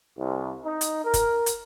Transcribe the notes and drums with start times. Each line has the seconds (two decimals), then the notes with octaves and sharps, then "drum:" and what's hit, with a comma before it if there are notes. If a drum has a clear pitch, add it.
0.17 C2
0.64 D#4
0.81 drum: hi-hat
1.05 A#4
1.14 drum: kick, hi-hat
1.46 drum: hi-hat